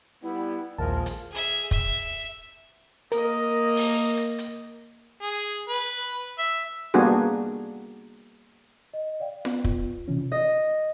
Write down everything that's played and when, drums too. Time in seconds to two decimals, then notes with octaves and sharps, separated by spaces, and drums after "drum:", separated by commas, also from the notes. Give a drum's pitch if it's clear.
0.23 G3 B3 E4
0.78 A#1 D#2 F3 G#3 A#4 A5
1.06 drum: hi-hat
1.31 G#4 E5
1.71 E5, drum: kick
3.12 A#3 A#4 D#5, drum: hi-hat
3.76 drum: open hi-hat
4.17 drum: hi-hat
4.39 drum: hi-hat
5.22 G#4
5.69 B4
6.39 E5
6.94 G3 A#3 B3 D4 F#4 G#4
8.94 D#5
9.20 D5 F5 G5
9.45 B3, drum: snare F4
9.64 F4, drum: kick
10.08 C3 E3 C#4
10.32 D#5